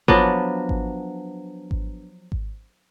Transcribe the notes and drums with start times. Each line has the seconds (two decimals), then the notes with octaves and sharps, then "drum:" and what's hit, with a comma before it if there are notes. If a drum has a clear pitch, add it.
0.08 F3 F#3 B3 D4, drum: kick G#1
0.69 drum: kick G#1
1.71 drum: kick G#1
2.32 drum: kick G#1